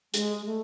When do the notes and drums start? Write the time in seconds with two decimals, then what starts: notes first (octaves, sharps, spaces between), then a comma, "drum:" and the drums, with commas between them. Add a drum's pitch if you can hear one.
0.14 G#3, drum: hi-hat
0.46 A3